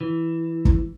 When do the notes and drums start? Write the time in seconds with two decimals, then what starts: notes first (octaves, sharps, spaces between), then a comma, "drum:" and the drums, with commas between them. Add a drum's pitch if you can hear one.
0.01 E3
0.65 drum: kick